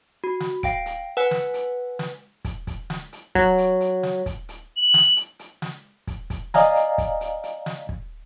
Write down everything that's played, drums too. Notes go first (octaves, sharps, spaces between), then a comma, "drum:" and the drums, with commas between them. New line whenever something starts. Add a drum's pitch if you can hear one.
F#4
drum: snare
F5 G5 D7, drum: kick, hi-hat
drum: hi-hat
B4 F#5 G#5 F#6
drum: snare
drum: hi-hat
drum: snare
drum: kick, hi-hat
drum: kick, hi-hat
drum: snare
drum: hi-hat
F#3, drum: kick, hi-hat
drum: hi-hat
drum: hi-hat
drum: snare
drum: kick, hi-hat
drum: hi-hat
F#7
drum: snare
drum: hi-hat
drum: hi-hat
drum: snare
drum: kick, hi-hat
drum: kick, hi-hat
D5 D#5 F5 G#5 A#5, drum: snare
drum: hi-hat
drum: kick, hi-hat
drum: hi-hat
drum: hi-hat
drum: snare
drum: kick